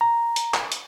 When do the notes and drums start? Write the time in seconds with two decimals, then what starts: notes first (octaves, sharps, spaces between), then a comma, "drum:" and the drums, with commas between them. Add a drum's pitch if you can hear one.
0.01 A#5
0.36 drum: hi-hat
0.54 drum: clap
0.72 drum: hi-hat